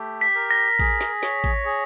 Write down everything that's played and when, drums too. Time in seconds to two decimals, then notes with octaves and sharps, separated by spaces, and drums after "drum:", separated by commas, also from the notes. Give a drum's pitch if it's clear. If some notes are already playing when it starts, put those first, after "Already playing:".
Already playing: A3 G4
0.21 B6
0.35 A#4
0.51 A#6
0.79 G#4, drum: kick A1
1.01 drum: snare
1.23 C#5, drum: snare
1.44 drum: kick A1
1.65 G#4